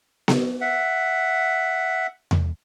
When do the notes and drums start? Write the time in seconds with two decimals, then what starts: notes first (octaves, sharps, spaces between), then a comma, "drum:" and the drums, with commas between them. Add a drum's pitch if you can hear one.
0.28 drum: snare B3
0.61 E5 F#5
2.31 drum: tom E2